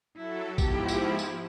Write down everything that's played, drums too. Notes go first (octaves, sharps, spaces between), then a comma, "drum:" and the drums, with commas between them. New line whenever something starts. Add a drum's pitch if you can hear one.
F#3 E4 A4
G#2 F3 B3 E4 G4, drum: kick, tambourine
drum: tambourine
drum: tambourine